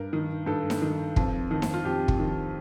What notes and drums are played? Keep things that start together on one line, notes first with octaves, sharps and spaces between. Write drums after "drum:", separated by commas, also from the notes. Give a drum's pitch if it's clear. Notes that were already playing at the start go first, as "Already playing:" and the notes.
Already playing: G2 A#4
D#3
G2 A4
drum: snare D#4
D#3
F2, drum: kick
D#3
drum: snare D#4
F4
F2 G4
drum: kick
D#3